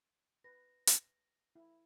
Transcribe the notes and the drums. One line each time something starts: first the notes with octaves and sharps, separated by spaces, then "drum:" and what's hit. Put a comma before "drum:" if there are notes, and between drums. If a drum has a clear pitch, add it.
B4 A#6
drum: hi-hat
E4